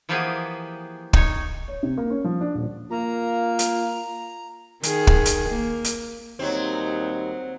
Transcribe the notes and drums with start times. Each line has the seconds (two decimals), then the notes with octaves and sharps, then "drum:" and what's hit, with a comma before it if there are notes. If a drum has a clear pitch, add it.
0.09 E3 F3 A#3 B3 G4 G#4
1.13 D#4 C#5, drum: kick
1.68 C#5
1.83 C3
1.97 A#3
2.10 C#4
2.24 F3
2.41 D4
2.54 D#1
2.91 A#3 F4 A#5
3.59 drum: hi-hat
4.83 D#3 G#4, drum: hi-hat
5.07 drum: kick
5.25 drum: hi-hat
5.49 A#3
5.84 drum: hi-hat
6.39 D#2 F#3 G3 C4 D#4